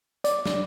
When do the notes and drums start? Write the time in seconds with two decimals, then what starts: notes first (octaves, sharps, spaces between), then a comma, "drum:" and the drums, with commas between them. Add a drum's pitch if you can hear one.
0.24 D5, drum: hi-hat
0.45 drum: snare